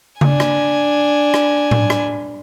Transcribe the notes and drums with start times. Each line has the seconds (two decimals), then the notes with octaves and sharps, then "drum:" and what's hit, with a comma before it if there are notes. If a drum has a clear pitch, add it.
0.21 D4 G#5, drum: tom C#3
0.40 drum: rim click
1.34 drum: rim click
1.71 drum: tom A2
1.90 drum: rim click